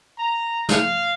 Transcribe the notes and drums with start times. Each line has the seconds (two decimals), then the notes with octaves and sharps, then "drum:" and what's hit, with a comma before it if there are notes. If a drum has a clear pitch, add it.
0.18 A#5
0.69 F5, drum: snare